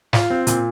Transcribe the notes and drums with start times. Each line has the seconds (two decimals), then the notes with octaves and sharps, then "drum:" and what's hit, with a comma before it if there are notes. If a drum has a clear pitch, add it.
0.13 F4, drum: snare
0.30 C4
0.47 A#2, drum: hi-hat